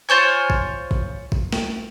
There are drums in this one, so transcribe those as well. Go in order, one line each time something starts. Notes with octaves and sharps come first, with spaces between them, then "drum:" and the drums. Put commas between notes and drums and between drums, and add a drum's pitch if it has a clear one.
F4 C5 C#5 G#5
drum: kick A1
drum: kick A1
drum: kick A1
drum: snare